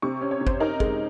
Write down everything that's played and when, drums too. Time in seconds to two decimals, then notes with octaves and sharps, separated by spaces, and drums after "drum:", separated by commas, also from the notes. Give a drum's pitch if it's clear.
0.02 C3 C#6
0.21 C#4
0.31 C#5
0.41 C3
0.47 C5, drum: kick
0.60 D#4 A#4
0.80 G#3, drum: kick